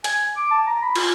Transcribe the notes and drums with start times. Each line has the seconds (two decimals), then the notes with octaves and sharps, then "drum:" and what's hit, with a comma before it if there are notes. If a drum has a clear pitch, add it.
0.04 G#5, drum: hi-hat
0.36 D6
0.51 A5
0.67 A#5
0.82 B5
0.95 F4, drum: cymbal